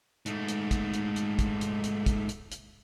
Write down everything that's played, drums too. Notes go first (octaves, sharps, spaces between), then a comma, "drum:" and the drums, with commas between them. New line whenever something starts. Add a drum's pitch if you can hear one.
G#2 A3, drum: hi-hat
drum: hi-hat
drum: kick, hi-hat
drum: hi-hat
drum: hi-hat
drum: kick, hi-hat
drum: hi-hat
drum: hi-hat
drum: kick, hi-hat
drum: hi-hat
drum: hi-hat